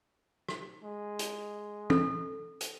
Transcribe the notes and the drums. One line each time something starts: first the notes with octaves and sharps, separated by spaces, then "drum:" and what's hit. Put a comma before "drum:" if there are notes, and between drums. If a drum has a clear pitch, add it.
drum: rim click
G#3
drum: hi-hat
A4, drum: tom
drum: hi-hat